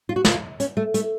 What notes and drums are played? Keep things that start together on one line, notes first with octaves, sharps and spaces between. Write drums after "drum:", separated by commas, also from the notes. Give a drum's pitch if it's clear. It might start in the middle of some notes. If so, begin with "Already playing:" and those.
F4
F#4
F4, drum: snare
C#4, drum: hi-hat
A3
A3, drum: hi-hat